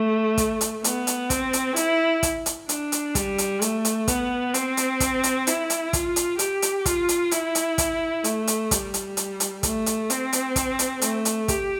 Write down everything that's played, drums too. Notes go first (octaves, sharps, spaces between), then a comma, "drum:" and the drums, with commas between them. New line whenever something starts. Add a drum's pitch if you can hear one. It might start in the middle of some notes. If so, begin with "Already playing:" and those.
Already playing: A3
drum: kick, hi-hat
drum: hi-hat
B3, drum: hi-hat
drum: hi-hat
C4, drum: kick, hi-hat
drum: hi-hat
E4, drum: hi-hat
drum: kick, hi-hat
drum: hi-hat
D4, drum: hi-hat
drum: hi-hat
G3, drum: kick, hi-hat
drum: hi-hat
A3, drum: hi-hat
drum: hi-hat
B3, drum: kick, hi-hat
C4, drum: hi-hat
drum: hi-hat
drum: kick, hi-hat
drum: hi-hat
E4, drum: hi-hat
drum: hi-hat
F4, drum: kick, hi-hat
drum: hi-hat
G4, drum: hi-hat
drum: hi-hat
F4, drum: kick, hi-hat
drum: hi-hat
E4, drum: hi-hat
drum: hi-hat
drum: kick, hi-hat
A3, drum: hi-hat
drum: hi-hat
G3, drum: kick, hi-hat
drum: hi-hat
drum: hi-hat
drum: hi-hat
A3, drum: kick, hi-hat
drum: hi-hat
C4, drum: hi-hat
drum: hi-hat
drum: kick, hi-hat
drum: hi-hat
A3, drum: hi-hat
drum: hi-hat
G4, drum: kick, hi-hat